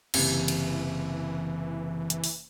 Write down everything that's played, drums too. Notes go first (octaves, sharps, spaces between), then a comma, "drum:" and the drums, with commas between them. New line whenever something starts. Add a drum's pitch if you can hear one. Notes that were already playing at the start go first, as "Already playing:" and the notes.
F#1 C3 E3, drum: cymbal
drum: cymbal
drum: hi-hat
drum: open hi-hat